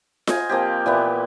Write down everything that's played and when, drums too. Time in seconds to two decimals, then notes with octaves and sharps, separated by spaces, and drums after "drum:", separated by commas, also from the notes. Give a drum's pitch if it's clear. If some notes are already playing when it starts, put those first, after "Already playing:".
0.27 C5 D#5 F5 G#5, drum: snare F4
0.49 F3 A#3 C4 G4
0.86 A#2 E3 B3 E4